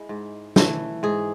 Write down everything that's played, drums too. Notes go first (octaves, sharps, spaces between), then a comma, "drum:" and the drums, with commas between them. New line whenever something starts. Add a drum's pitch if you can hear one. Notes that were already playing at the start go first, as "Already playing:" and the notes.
Already playing: G#3 E4
G#2
E3 A3, drum: snare
G#2 G#4